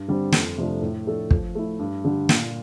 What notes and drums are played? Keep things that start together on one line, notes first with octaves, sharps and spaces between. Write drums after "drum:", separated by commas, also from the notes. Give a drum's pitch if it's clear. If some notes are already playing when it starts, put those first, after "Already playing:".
Already playing: G2
D3 G3 C4
F2, drum: snare
C3 F3 A3 D4
A2
F3 A3 D4 A4
F3, drum: kick
A3 E4
G2
D3 G3
A#2, drum: snare